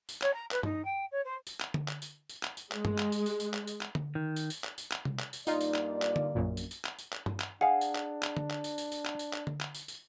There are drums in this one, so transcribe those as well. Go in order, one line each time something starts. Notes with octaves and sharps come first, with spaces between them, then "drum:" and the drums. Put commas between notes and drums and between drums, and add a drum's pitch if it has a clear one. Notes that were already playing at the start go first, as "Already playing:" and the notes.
drum: tambourine
C#5, drum: clap
A#5
B4, drum: clap
D#4, drum: tom G2
G5
C#5
C5
drum: tambourine
drum: clap
drum: tom D3
drum: clap
drum: tambourine
drum: tambourine
drum: clap
drum: tambourine
G#3, drum: clap
drum: tom G2
drum: clap
drum: tambourine
drum: tambourine
drum: tambourine
drum: clap
drum: tambourine
drum: clap
drum: tom D3
D#3
drum: tambourine
drum: tambourine
drum: clap
drum: tambourine
drum: clap
drum: tom C3
drum: clap
drum: tambourine
G2 A#3 D#4 F4 D5, drum: tambourine
drum: tambourine
drum: clap
drum: clap
drum: tom D3
A#1 F#2 A#2
drum: tambourine
drum: tambourine
drum: clap
drum: tambourine
drum: clap
drum: tom G2
drum: clap
D4 G#4 F5 F#5
drum: tambourine
drum: clap
drum: clap
drum: tom D3
drum: clap
drum: tambourine
drum: tambourine
drum: tambourine
drum: clap
drum: tambourine
drum: clap
drum: tom D3
drum: clap
drum: tambourine
drum: tambourine